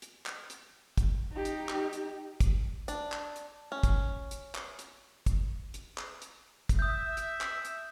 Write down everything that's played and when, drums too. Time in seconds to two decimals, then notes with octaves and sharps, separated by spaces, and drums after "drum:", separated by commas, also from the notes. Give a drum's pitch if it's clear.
0.02 drum: hi-hat
0.26 drum: clap
0.50 drum: hi-hat
0.98 drum: kick, hi-hat
1.32 D#4 G4
1.45 drum: hi-hat
1.69 drum: clap
1.93 drum: hi-hat
2.40 drum: kick, hi-hat
2.88 D4, drum: hi-hat
3.12 drum: clap
3.36 drum: hi-hat
3.72 C#4
3.83 drum: kick, hi-hat
4.31 drum: hi-hat
4.55 drum: clap
4.79 drum: hi-hat
5.26 drum: kick, hi-hat
5.74 drum: hi-hat
5.98 drum: clap
6.22 drum: hi-hat
6.69 drum: kick, hi-hat
6.79 E5 D#6 G6
7.17 drum: hi-hat
7.41 drum: clap
7.65 drum: hi-hat